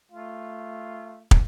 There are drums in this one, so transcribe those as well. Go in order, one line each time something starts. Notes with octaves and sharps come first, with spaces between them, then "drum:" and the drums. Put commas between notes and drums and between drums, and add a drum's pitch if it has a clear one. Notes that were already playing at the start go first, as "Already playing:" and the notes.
A3 F4
drum: kick